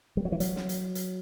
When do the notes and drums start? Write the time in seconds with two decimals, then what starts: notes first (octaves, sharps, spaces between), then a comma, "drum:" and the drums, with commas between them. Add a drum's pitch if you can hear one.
0.17 G3
0.25 F#3
0.32 E3
0.40 F#3, drum: hi-hat
0.56 drum: snare
0.69 drum: hi-hat
0.95 drum: hi-hat